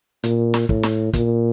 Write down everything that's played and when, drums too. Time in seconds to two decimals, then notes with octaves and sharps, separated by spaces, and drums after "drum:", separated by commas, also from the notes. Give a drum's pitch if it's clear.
0.24 A#2, drum: hi-hat
0.54 drum: snare
0.69 A2, drum: kick
0.83 drum: snare
1.13 A#2, drum: kick, hi-hat